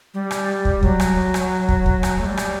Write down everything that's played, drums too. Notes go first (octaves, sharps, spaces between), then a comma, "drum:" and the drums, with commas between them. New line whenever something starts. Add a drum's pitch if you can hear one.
G3
drum: rim click
drum: kick
F#3, drum: kick
drum: rim click
drum: rim click
drum: kick
drum: kick
drum: rim click
A3
G3
drum: rim click